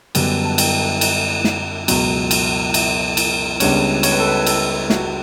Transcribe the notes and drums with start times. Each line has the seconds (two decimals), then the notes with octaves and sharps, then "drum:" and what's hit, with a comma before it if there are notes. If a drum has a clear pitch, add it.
0.15 F#2 D3 G3 B3 D4, drum: cymbal
0.45 A5
0.58 G5, drum: cymbal
1.01 drum: cymbal
1.44 drum: snare
1.88 C#2 B2 F#3, drum: cymbal
2.31 drum: cymbal
2.74 E5, drum: cymbal
3.17 drum: cymbal
3.60 C#2 C#3 G3 B3 D4 C#5, drum: cymbal
4.03 C#5, drum: cymbal
4.11 B4
4.20 A4
4.28 B4
4.46 A4, drum: cymbal
4.90 F#4, drum: snare